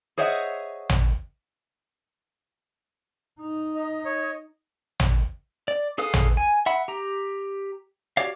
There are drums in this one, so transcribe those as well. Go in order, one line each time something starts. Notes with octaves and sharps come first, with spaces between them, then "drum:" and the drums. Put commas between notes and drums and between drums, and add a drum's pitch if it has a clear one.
G#4 C5 C#5 D#5 E5 F#5
drum: tom A1
D#4
D#5
C#5
drum: tom A1
D5
G#4 A4 B4 F5 D#6
drum: tom A1
G#5
E5 F#5 B5
G4 A#5
F#4 G4 C#5 D5 F5